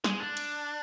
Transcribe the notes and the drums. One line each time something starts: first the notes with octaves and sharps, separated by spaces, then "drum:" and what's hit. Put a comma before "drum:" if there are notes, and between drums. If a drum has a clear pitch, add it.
G#3, drum: snare
D4
drum: cymbal